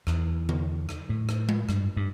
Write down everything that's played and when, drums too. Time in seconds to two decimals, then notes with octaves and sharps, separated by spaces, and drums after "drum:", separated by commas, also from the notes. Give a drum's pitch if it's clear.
0.07 E2, drum: rim click
0.49 drum: tom D3
0.89 drum: rim click
1.09 A2
1.29 drum: rim click
1.49 drum: tom G#3
1.69 G2, drum: rim click
1.96 G2